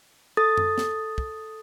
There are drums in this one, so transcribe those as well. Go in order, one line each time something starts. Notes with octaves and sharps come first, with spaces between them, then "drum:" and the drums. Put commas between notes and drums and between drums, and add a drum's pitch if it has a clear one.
A4 D#6 A6
drum: tom F#2
drum: snare
drum: kick